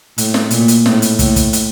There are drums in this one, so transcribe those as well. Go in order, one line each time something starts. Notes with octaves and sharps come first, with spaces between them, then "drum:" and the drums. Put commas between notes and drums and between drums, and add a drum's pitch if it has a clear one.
A2, drum: hi-hat
drum: snare
A#2, drum: hi-hat
drum: hi-hat
A2, drum: snare
drum: hi-hat
A2, drum: kick, hi-hat
drum: kick, hi-hat
drum: hi-hat